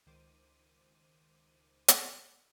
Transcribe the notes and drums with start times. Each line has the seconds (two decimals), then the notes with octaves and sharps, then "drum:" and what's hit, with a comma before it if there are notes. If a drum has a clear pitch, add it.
0.06 C#2 D#3 C5 D6 D#7
1.88 drum: hi-hat